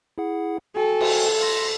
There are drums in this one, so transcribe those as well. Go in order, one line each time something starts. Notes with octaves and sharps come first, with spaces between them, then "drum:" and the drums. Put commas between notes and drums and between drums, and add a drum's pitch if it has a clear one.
E4 G#4 F#5
F#4 A4 G5 G#5
drum: cymbal
C6 A#6